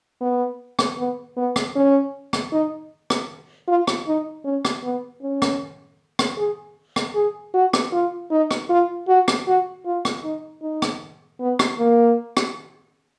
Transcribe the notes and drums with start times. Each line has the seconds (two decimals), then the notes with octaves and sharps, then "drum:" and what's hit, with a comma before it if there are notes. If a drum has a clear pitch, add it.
0.21 B3
0.79 drum: rim click
0.98 B3
1.37 B3
1.56 drum: rim click
1.76 C#4
2.33 drum: rim click
2.52 D#4
3.10 drum: rim click
3.68 F4
3.87 drum: rim click
4.07 D#4
4.45 C#4
4.65 drum: rim click
4.83 B3
5.22 C#4
5.42 drum: rim click
6.19 drum: rim click
6.38 G#4
6.96 drum: rim click
7.15 G#4
7.54 F#4
7.73 drum: rim click
7.93 F4
8.31 D#4
8.51 drum: rim click
8.70 F4
9.08 F#4
9.28 drum: rim click
9.48 F#4
9.85 F4
10.05 drum: rim click
10.24 D#4
10.62 D#4
10.82 drum: rim click
11.40 B3
11.59 drum: rim click
11.78 A#3
12.37 drum: rim click